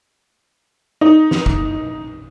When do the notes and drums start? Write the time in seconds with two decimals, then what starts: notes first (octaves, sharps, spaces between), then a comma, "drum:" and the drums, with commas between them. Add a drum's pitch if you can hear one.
1.01 D#4
1.31 drum: snare
1.46 drum: kick F1